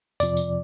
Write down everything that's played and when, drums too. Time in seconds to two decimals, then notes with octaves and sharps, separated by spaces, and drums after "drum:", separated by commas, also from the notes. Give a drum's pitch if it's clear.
0.20 F2 C3 F3 D5, drum: tambourine
0.37 drum: tambourine